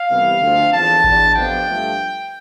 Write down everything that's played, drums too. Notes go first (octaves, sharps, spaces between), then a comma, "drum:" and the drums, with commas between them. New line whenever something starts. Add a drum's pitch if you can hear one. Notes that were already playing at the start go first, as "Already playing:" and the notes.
Already playing: F5
C2 C3 E3 B3
D2 D3 F3 C4
E2 D3 F3 A5
E2 B2 B3 D4, drum: kick A1
F2 C3 F3 B3 D4 G5
G2 F3 A3